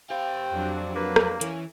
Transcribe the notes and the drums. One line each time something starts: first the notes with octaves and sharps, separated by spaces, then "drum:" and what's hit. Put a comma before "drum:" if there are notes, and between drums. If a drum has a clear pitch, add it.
C4 G4 F5 G5
F2 F#3 D4
A#3 B4
drum: rim click
E3 C#4, drum: hi-hat